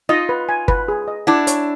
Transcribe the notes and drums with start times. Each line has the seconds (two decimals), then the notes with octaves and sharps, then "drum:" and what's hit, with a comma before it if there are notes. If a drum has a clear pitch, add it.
0.09 D#4 F4 D#5
0.29 B4
0.49 G#5
0.68 B4, drum: kick G1
0.88 G#4
1.08 D#5
1.27 D4 E4 F#5
1.47 C#5, drum: hi-hat